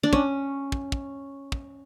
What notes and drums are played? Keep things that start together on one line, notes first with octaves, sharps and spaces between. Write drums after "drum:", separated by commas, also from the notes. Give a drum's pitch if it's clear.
D4
C#4, drum: kick
drum: kick
drum: kick
drum: kick